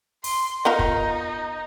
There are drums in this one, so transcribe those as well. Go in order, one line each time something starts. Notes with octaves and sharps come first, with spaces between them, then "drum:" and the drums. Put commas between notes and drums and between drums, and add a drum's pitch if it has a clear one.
C6, drum: open hi-hat
B3 D#4 F4 A#4
drum: kick